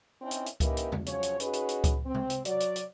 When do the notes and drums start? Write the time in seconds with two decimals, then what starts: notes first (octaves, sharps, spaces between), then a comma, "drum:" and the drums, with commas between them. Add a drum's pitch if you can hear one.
0.21 C4 C#4 D#4 E4
0.31 drum: hi-hat
0.46 drum: hi-hat
0.60 A#3 C#4 D#4 E4 G4 B4, drum: kick C#2, hi-hat
0.77 drum: hi-hat
0.92 drum: tom E2
1.06 C#3 F3 F#3 C#5, drum: hi-hat
1.23 drum: hi-hat
1.40 C#4 D#4 F#4 G#4 B4, drum: hi-hat
1.53 drum: hi-hat
1.69 drum: hi-hat
1.84 drum: kick C#2, hi-hat
2.05 C4
2.14 drum: tom C3
2.30 drum: hi-hat
2.45 F#3 D5, drum: hi-hat
2.60 drum: hi-hat
2.76 drum: hi-hat